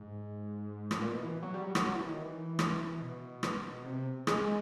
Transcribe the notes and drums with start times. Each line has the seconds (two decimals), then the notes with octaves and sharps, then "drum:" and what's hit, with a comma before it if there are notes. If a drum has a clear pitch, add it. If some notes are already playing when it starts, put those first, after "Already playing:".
Already playing: G#2
0.91 A2, drum: rim click
1.02 A#2
1.12 B2
1.22 E3
1.43 F#3
1.54 G3
1.64 F#3
1.75 F#3, drum: rim click
1.95 E3
2.09 D#3
2.22 E3
2.59 drum: rim click
3.01 B2
3.43 drum: rim click
3.84 C3
4.27 G#3, drum: rim click